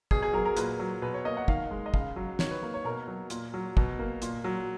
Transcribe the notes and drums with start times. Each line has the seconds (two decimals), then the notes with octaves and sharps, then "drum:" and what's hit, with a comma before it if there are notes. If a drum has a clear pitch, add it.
0.11 B2 G#4, drum: kick
0.22 G#4
0.33 F#3 A#4
0.45 A#4
0.57 A#2 B4, drum: hi-hat
0.79 F#3
1.02 B2 B4
1.14 C#5
1.25 A#3 D#5
1.37 F#5
1.48 D#3 F5, drum: kick
1.71 G#3
1.86 D#5
1.94 C#3 F5, drum: kick
2.16 F#3
2.39 D#3 C#5, drum: snare
2.51 B4
2.63 A#3
2.74 C#5
2.84 B2 A#4
3.08 F#3
3.30 A#2, drum: hi-hat
3.54 F#3
3.77 B2, drum: kick
3.99 A#3
4.22 A#2, drum: hi-hat
4.44 F#3